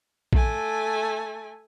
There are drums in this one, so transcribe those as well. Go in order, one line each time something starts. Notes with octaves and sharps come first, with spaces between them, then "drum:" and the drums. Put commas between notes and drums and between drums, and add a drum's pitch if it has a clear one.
A3 G#5, drum: kick